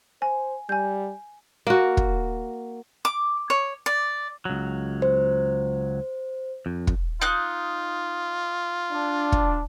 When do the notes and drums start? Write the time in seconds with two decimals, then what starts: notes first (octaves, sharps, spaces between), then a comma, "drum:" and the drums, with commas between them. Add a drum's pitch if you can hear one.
0.22 C5 G#5
0.69 G3 G#5 G6
1.67 A#3 F#4
1.97 drum: kick
3.05 D6
3.50 C#5
3.86 D5
4.45 C#2 F#3
5.02 C5
6.66 F2
6.87 drum: kick
7.21 D#4 F4 F#6
8.91 D4
9.32 drum: kick